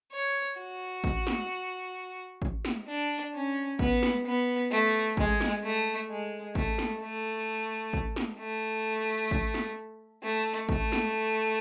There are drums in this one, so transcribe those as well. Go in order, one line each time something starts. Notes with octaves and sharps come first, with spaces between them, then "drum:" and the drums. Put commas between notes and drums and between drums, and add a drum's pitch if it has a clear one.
C#5
F#4
drum: kick A1
drum: snare
drum: kick A1
drum: snare
D4
C#4
B3, drum: kick A1
drum: snare
B3
A3
G#3, drum: kick A1
drum: snare
A3
G#3
A3, drum: kick A1
drum: snare
A3
drum: kick A1
drum: snare
A3
drum: kick A1
drum: snare
A3
A3, drum: kick A1
drum: snare